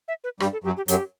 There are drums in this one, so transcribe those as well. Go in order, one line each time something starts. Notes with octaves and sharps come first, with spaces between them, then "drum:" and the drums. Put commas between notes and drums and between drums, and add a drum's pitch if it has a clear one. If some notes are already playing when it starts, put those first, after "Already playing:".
E5
B4
G2 G3 G4, drum: rim click
A4
F#2 F#3 G4
G4
F#2 F#3 G4, drum: hi-hat